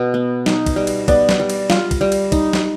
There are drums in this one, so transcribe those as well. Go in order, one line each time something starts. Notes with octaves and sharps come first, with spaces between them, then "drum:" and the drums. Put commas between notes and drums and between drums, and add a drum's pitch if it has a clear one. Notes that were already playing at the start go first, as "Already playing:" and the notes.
Already playing: B2
B3
D#4, drum: snare
drum: kick, cymbal
G3
drum: cymbal
B3 D5, drum: kick, cymbal
drum: snare
G3
drum: cymbal
F4, drum: snare
drum: kick, cymbal
G3
drum: cymbal
D#4, drum: kick, cymbal
drum: snare